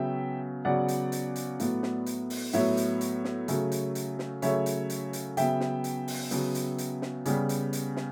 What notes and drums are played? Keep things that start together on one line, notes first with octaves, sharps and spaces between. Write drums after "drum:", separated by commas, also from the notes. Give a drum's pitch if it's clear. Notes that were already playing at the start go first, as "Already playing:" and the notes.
Already playing: C#3 F#3 B3 E5 G5
C#3 F#3 B3 D5 F#5
drum: hi-hat
drum: hi-hat
drum: hi-hat
A2 F#3 B3, drum: hi-hat
drum: snare
drum: hi-hat
drum: open hi-hat
A2 F#3 B3 C#5 E5, drum: hi-hat
drum: hi-hat
drum: hi-hat
drum: snare
C#3 F#3 A3, drum: hi-hat
drum: hi-hat
drum: hi-hat
drum: snare
C#3 F#3 A3 C#5 E5, drum: hi-hat
drum: hi-hat
drum: hi-hat
drum: hi-hat
C#3 F#3 B3 E5 G5, drum: hi-hat
drum: snare
drum: hi-hat
drum: open hi-hat
C#3 F#3 B3, drum: hi-hat
drum: hi-hat
drum: hi-hat
drum: snare
C#3 G3 B3, drum: hi-hat
drum: hi-hat
drum: hi-hat
drum: snare